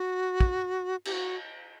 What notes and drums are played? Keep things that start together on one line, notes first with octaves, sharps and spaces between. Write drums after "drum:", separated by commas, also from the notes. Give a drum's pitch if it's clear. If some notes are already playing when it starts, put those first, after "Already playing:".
Already playing: F#4
drum: kick
G4, drum: cymbal
F#4